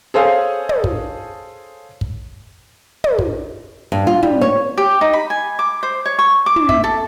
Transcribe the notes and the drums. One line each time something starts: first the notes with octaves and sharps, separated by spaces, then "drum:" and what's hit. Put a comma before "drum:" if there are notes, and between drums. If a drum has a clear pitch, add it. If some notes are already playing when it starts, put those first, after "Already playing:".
G#4 A4 C5 C#5 F5 G#5
drum: tom
drum: kick
drum: kick
drum: tom
drum: kick
G2
F4
G3, drum: tom
C#5
G4
D#4
B5
G#5
D6
C5
C#5
C#6
D6
drum: tom
E5, drum: kick
A4